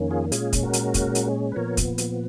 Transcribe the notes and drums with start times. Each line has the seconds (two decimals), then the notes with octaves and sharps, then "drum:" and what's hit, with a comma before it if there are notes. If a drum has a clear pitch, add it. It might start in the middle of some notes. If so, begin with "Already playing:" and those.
Already playing: F2 D#3 A#3 C#4
0.11 F4 G#4
0.32 A#2 G#3 C#4 F4 G#4, drum: hi-hat
0.53 drum: kick, hi-hat
0.63 F#4 A#4
0.73 drum: hi-hat
0.94 drum: kick, hi-hat
1.15 drum: hi-hat
1.52 B4
1.56 A#2 F3 B3 A#4 C#5
1.77 drum: kick, hi-hat
1.98 drum: hi-hat